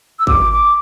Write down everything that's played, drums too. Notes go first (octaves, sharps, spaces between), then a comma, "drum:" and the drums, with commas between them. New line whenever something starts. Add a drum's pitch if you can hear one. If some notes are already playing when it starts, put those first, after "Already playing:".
E6
D6, drum: kick G#1
D6